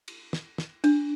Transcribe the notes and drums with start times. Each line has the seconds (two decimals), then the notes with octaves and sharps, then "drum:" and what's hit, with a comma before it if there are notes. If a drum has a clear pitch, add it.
0.08 drum: cymbal
0.33 drum: snare
0.58 drum: snare
0.84 D4, drum: cymbal